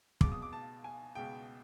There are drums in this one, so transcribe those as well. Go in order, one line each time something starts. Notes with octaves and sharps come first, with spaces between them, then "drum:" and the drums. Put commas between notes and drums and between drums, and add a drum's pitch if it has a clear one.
C#2 B2 G#3 D6, drum: kick
D#6
D6
A5
G#5
C#2 B2 G#3 G5